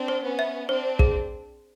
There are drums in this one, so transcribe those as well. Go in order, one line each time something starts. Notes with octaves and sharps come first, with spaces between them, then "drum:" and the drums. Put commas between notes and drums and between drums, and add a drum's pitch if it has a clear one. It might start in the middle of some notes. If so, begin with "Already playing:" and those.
Already playing: C4 D4
C5
B3 C#4
E5
C4 D4 C5
G#4, drum: kick